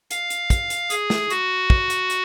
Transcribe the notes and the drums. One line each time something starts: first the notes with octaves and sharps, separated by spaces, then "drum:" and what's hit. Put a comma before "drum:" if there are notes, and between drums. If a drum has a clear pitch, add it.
F5, drum: hi-hat
drum: hi-hat
drum: kick, hi-hat
drum: hi-hat
G#4, drum: hi-hat
drum: snare
F#4, drum: hi-hat
drum: kick
drum: hi-hat
drum: hi-hat